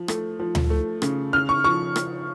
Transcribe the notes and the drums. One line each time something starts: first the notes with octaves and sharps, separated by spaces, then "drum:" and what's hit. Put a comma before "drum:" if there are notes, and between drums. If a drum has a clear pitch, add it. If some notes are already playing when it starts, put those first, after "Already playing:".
Already playing: F3
A3, drum: rim click
F3
drum: tom D2
A3
C#3, drum: rim click
C#3 F6
C#6
F3 C#6
drum: rim click